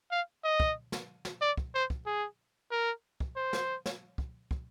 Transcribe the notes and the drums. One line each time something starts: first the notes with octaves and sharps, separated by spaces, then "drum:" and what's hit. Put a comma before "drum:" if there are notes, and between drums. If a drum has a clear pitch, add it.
F5
D#5
drum: kick
drum: snare
drum: snare
D5
drum: kick
C5
drum: kick
G#4
A#4
drum: kick
C5
drum: snare
drum: snare
drum: kick
drum: kick